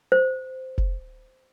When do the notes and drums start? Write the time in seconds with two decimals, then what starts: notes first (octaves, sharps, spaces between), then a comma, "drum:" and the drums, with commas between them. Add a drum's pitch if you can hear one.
0.12 C5
0.78 drum: kick F1